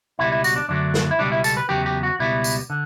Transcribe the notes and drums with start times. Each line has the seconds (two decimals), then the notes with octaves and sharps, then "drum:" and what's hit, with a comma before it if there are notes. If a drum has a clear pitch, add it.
0.19 C#2 B2 G3 B3 E4
0.32 E4
0.44 F#4, drum: tambourine
0.56 D4
0.68 F#2 D3 F#3 A3 D4
0.94 drum: snare
1.11 E4
1.19 C#2 B2 G3 B3 D4
1.32 E4
1.44 A4, drum: tambourine
1.57 B4
1.69 E2 C#3 F#3 B3 G4
1.86 G4
2.03 F#4
2.19 C#2 B2 G3 B3 E4
2.44 drum: tambourine
2.70 D3